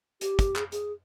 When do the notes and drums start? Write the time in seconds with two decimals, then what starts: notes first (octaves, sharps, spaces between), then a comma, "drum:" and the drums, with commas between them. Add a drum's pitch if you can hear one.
0.21 G4, drum: hi-hat
0.39 drum: kick, hi-hat
0.56 G#4, drum: clap
0.72 G#4, drum: hi-hat